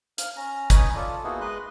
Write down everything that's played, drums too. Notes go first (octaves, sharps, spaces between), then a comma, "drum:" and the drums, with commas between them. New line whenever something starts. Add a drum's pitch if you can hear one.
F5 F6, drum: hi-hat
C#4 A#5
C#4 D#4 B4 C#5 D#5, drum: kick, hi-hat
F4 A4 D5
A#3 B3 D#4 E4 F#4 G#4
G#3 B4 D#5 C6 F#6